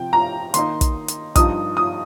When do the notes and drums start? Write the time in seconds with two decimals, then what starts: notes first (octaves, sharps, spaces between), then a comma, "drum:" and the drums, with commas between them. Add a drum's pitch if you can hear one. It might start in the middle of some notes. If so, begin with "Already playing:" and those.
Already playing: C3 F3 C4 G5
0.13 A#5
0.54 D#3 A#3 D#4 C6, drum: hi-hat
0.81 drum: kick, hi-hat
1.08 drum: hi-hat
1.36 G2 F3 D#4 D#6, drum: kick, hi-hat
1.77 D#6